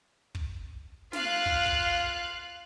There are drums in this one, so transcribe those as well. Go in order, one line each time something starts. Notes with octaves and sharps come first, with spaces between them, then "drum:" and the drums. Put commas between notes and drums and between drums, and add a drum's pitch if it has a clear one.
drum: kick
F4 F5 F#6, drum: snare
drum: kick
drum: kick